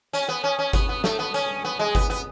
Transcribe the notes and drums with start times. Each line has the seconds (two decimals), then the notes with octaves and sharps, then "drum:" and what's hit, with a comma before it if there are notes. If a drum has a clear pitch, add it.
0.13 C#4, drum: hi-hat
0.29 B3
0.44 C#4
0.59 C#4
0.73 B3, drum: kick G1, hi-hat
0.89 B3
1.04 A3, drum: snare
1.19 B3
1.34 C#4, drum: hi-hat
1.64 B3
1.79 G#3
1.95 B3, drum: kick G1
2.10 B3